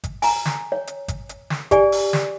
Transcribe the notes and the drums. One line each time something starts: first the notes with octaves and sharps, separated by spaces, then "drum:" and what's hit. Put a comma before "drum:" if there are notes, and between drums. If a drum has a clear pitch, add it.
drum: kick G#1, hi-hat
G#5 A#5, drum: open hi-hat
drum: snare
C#5
drum: hi-hat
drum: kick G#1, hi-hat
drum: hi-hat
drum: snare
G4 D5 G#5, drum: kick G#1, hi-hat
drum: open hi-hat
drum: snare